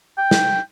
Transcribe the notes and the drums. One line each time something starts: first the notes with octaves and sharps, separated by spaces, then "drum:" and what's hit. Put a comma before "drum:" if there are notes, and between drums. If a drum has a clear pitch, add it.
G5
drum: snare